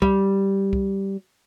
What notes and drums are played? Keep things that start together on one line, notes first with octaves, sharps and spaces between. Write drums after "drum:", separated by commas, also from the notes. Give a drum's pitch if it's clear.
G3, drum: kick C2
drum: kick C2